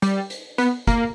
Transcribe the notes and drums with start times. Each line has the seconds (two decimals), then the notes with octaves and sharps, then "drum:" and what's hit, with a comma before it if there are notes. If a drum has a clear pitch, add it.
0.02 G3, drum: hi-hat
0.30 drum: hi-hat
0.58 B3, drum: hi-hat
0.87 A#3, drum: kick, hi-hat